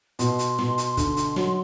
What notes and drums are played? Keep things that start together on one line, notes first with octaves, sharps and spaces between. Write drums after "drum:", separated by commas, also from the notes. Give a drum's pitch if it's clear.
B2 C6, drum: hi-hat
drum: hi-hat
B2, drum: snare
drum: hi-hat
D3, drum: kick, hi-hat
drum: hi-hat
F#3, drum: snare